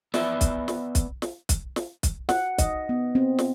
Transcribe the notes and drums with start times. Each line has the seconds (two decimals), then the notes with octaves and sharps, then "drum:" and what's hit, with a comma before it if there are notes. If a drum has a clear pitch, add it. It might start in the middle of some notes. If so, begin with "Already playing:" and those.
0.14 B3 D5 E5, drum: snare
0.41 drum: kick, hi-hat
0.68 drum: snare
0.95 drum: kick, hi-hat
1.22 drum: snare
1.49 drum: kick, hi-hat
1.76 drum: snare
2.03 drum: kick, hi-hat
2.29 F#5, drum: snare
2.58 D#5, drum: kick, hi-hat
2.89 B3
3.15 C4
3.39 drum: snare